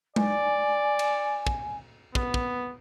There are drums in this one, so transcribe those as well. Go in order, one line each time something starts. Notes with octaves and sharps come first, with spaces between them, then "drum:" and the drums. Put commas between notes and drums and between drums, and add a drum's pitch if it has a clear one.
D5 G#5, drum: tom G#3
drum: cymbal
drum: kick
B3, drum: kick
drum: kick